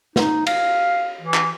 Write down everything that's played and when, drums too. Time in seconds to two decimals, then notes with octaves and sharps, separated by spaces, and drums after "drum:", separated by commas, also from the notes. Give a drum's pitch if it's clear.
0.16 D#4, drum: snare
0.47 F5, drum: cymbal
1.21 E3
1.34 drum: clap